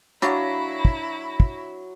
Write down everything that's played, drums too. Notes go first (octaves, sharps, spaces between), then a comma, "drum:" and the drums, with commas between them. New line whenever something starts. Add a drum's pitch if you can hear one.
F#3 D4 E4 F5 B5 C#6 A#6, drum: hi-hat
drum: kick
drum: kick